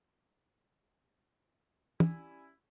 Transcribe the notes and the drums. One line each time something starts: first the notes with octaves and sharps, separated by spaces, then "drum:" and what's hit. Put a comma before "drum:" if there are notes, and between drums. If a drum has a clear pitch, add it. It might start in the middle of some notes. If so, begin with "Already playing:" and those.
G3 C#4 E4 G#5, drum: tom